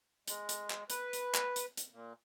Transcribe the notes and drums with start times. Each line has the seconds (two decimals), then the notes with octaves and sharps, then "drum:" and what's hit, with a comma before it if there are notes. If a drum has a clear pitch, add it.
0.28 G#3, drum: hi-hat
0.49 drum: hi-hat
0.70 drum: clap
0.90 B4, drum: hi-hat
1.13 drum: hi-hat
1.35 drum: clap
1.56 drum: hi-hat
1.77 drum: hi-hat
1.91 A#2